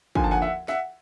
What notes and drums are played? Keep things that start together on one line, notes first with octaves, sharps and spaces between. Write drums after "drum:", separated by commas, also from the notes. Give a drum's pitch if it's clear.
D#2 D3 F3 G#5, drum: kick
A5
F#5 G#5
E5 F#5
E5 F#5, drum: snare